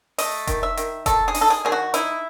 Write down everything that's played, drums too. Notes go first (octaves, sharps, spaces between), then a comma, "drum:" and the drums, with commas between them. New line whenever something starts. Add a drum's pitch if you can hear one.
A3 D#5, drum: open hi-hat
D#3, drum: kick F1, hi-hat
E5
D#3, drum: hi-hat
D#3 A4, drum: kick F1, hi-hat
G#4
D#4, drum: open hi-hat
A4
G#4
D#3 G#4
F#4
D#4 E4, drum: hi-hat